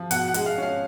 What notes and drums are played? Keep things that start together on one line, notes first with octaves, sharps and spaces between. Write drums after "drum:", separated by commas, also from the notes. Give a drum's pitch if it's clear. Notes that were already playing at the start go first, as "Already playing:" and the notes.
Already playing: F3
B2 F#5, drum: hi-hat
F#5
G#3, drum: hi-hat
F5
C#4 F5